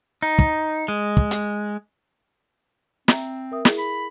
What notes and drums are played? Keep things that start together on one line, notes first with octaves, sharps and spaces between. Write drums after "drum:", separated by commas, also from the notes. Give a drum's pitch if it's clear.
D#4
drum: kick
G#3
drum: kick
drum: hi-hat
C4 E5 A#5, drum: snare
A#4 E5 D#6
E4 G#4, drum: snare
B5